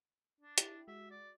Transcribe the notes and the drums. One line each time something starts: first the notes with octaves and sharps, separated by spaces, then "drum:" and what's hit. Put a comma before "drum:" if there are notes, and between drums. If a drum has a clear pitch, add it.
D4
E4 G4, drum: hi-hat
G#3 F#4 E5
D5